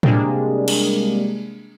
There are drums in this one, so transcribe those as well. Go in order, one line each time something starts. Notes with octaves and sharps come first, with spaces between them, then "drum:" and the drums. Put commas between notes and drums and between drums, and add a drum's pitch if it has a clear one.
C3 G3 G#3 A#3 D4 G#4, drum: tom A2
drum: cymbal